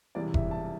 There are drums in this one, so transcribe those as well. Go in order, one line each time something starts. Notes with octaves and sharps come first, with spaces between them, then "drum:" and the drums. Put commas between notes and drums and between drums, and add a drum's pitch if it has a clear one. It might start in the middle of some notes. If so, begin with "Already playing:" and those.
E1 E2 C3 E3 G3 D5
E5, drum: kick F1
A5